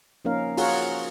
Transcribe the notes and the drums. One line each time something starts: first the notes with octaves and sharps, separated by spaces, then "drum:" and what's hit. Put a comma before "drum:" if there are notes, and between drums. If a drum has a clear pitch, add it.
F3 A#3 C#4 D#4 A#4 F5
F4 F#4 G#4 A#4 C#5 F#5, drum: open hi-hat